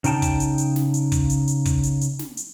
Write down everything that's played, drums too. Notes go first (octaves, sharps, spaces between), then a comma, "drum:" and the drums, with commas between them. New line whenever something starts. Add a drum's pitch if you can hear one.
C#3 D#4 G5 A5, drum: hi-hat
drum: kick, hi-hat
drum: hi-hat
drum: hi-hat
drum: snare
drum: hi-hat
drum: kick, hi-hat
drum: hi-hat
drum: hi-hat
drum: kick, hi-hat
drum: hi-hat
drum: hi-hat
drum: snare
drum: hi-hat